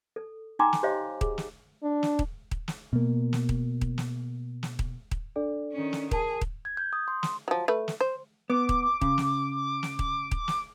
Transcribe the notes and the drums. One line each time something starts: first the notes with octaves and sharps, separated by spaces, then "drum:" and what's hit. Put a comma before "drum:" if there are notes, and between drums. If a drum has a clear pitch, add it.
A4
D#4 G5 G#5 A#5 C6 D6
drum: snare
G4 C5 C#5 D#5 F5
G#4, drum: kick D#1
drum: snare
D4
drum: snare
drum: kick D#1
drum: kick D#1
drum: snare
B2 A#3
drum: snare
drum: kick D#1
drum: kick D#1
drum: snare
drum: snare
drum: kick D#1
drum: kick D#1
D4 A4 D5
D#3 C#4
drum: snare
G#4 A#4 A5, drum: kick D#1
drum: kick D#1
G#6
G6
D#6
C6
C6, drum: snare
F3 F#3
A3 B4
drum: snare
C5
B3 D6
drum: kick D#1
C#3, drum: kick D#1
drum: snare
drum: snare
drum: kick D#1
drum: kick D#1
drum: snare